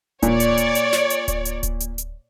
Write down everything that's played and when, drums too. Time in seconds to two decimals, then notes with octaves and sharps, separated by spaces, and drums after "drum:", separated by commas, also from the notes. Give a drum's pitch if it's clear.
0.22 A#2 C#5 D5, drum: kick D1, hi-hat
0.40 drum: hi-hat
0.58 drum: hi-hat
0.75 drum: hi-hat
0.93 drum: snare
1.10 drum: hi-hat
1.28 drum: kick D1, hi-hat
1.45 drum: hi-hat
1.63 drum: kick D1, hi-hat
1.80 drum: hi-hat
1.98 drum: hi-hat